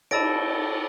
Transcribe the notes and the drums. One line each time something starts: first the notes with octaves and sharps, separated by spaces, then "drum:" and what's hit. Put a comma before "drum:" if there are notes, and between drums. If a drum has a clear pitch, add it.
A5 B5 E6 A6 A#6 D7, drum: cymbal